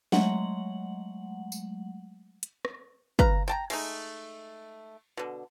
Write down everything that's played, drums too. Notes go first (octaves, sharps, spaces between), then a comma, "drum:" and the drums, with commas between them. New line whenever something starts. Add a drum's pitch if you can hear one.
F#3 G#3 A3 F#5 F#7, drum: snare
drum: tambourine
drum: hi-hat
drum: rim click
B4 F5 A#5, drum: kick
G5 A5 A#5
G#3 A3 D#4, drum: cymbal
B2 D3